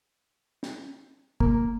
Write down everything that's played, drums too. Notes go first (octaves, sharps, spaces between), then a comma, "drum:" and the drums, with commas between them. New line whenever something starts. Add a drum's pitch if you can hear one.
drum: snare
A#3, drum: kick